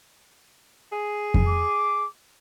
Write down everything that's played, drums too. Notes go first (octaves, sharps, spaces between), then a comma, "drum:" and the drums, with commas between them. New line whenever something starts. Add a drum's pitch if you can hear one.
G#4
drum: kick F2
D6